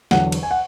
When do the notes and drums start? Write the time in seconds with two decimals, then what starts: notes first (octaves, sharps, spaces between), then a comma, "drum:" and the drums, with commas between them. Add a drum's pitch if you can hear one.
0.11 E2 D3 F#3 F#5, drum: snare
0.32 drum: cymbal
0.43 G#5
0.51 F#5